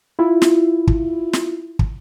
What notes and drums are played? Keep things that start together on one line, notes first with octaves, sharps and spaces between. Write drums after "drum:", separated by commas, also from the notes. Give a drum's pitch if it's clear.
E4 F4
drum: snare
drum: kick
drum: snare
drum: kick